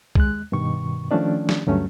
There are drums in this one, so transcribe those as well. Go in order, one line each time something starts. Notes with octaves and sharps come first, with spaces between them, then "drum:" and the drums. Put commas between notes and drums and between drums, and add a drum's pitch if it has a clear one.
D#2 G#3 F#6, drum: kick C2
G2 B2 D#3 C#6
D#3 F3 A3 C#4 D4 D5
drum: snare
D2 G2 F#3 A3 C#4